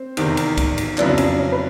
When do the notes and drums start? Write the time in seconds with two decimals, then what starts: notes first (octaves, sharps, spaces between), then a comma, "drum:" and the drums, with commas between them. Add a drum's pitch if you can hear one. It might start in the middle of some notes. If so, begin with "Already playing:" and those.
Already playing: C4 C5
0.17 E2 C3 D#3, drum: cymbal
0.37 drum: cymbal
0.57 drum: kick C2, cymbal
0.78 drum: cymbal
0.98 F2 C#3 F#3 B3 D4 E4 D5, drum: clap
1.08 D4 D5
1.18 C#4 C#5, drum: cymbal
1.28 D4 D5
1.38 C#4 C#5
1.52 B4